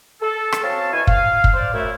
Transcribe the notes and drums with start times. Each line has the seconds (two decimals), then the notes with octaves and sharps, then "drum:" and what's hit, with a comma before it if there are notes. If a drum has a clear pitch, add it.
0.21 A4
0.52 drum: rim click
0.62 C4 C#4 F#4 F5 A5
0.93 B2 E4 F#4 G#5
1.07 F5, drum: kick
1.44 drum: kick
1.54 C5 D5 F5
1.73 F#2 A3 E4